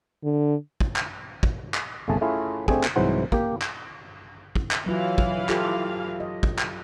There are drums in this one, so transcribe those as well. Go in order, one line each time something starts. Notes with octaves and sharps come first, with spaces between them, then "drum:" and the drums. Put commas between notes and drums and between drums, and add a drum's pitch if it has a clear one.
D3
drum: kick
drum: clap
drum: kick
drum: clap
G1 C2 A3 G#4 A5
A3 C#4 E4 F4 G#4 F5
A3 C4 D4 G4 G#4, drum: kick
drum: clap
C2 G#2 E3 F#3 C5 F#5
A#3 G4, drum: kick
drum: clap
drum: kick
drum: clap
E3 F#3 F4 F5
drum: kick
F4 G4 A4, drum: clap
D#5
drum: kick
drum: clap